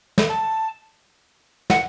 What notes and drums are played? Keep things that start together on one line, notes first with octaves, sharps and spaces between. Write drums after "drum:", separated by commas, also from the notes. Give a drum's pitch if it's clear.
drum: snare
A5
F#5, drum: snare